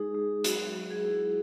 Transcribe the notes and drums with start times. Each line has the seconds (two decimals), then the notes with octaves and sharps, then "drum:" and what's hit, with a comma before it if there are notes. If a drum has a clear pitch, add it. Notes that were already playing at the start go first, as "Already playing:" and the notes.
Already playing: G#3 D#4 G#4
0.14 G#3
0.44 F#3 F#4, drum: hi-hat
0.75 F#3
0.90 G#4
1.05 E4